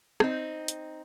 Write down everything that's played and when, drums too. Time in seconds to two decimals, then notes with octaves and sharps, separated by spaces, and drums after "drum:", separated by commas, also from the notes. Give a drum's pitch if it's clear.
0.20 C4 D#4, drum: rim click
0.68 drum: hi-hat